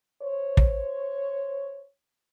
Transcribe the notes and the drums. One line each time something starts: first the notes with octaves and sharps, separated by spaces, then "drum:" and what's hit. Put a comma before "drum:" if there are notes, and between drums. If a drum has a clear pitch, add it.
C5 C#5
drum: kick